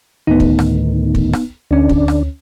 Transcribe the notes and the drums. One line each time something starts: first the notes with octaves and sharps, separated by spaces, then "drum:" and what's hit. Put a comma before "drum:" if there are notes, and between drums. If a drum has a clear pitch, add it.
D2 A2 D#3 B3 D#4
drum: kick
drum: rim click
drum: kick
drum: rim click
D2 D3 C#4 D4
drum: kick
drum: rim click